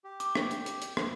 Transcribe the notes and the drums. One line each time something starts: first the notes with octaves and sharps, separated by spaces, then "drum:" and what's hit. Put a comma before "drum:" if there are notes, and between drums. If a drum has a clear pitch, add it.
G4
D6, drum: hi-hat
drum: rim click
drum: hi-hat
drum: hi-hat
drum: hi-hat
drum: rim click